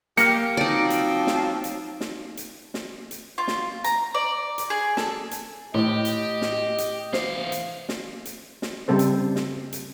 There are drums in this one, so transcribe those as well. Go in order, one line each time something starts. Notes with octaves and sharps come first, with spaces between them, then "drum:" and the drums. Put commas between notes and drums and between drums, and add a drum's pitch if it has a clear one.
A#3 G4 F6 A#6 C#7, drum: hi-hat
F3 F#3 C4 D#4 D5
drum: hi-hat
drum: snare
drum: hi-hat
drum: snare
drum: hi-hat
drum: snare
drum: hi-hat
F4
drum: snare
A#5, drum: hi-hat
D5
drum: hi-hat
G#4
A4, drum: snare
drum: hi-hat
A2 G4 D#5
drum: hi-hat
drum: snare
drum: hi-hat
E3 C5 F5, drum: snare
drum: hi-hat
drum: snare
drum: hi-hat
drum: snare
C#3 G3 C4 A4 C5
drum: hi-hat
drum: snare
drum: hi-hat